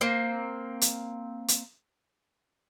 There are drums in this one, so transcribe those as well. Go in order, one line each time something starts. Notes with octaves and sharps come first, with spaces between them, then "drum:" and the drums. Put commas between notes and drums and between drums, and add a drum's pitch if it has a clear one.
A#3 C4
drum: hi-hat
drum: hi-hat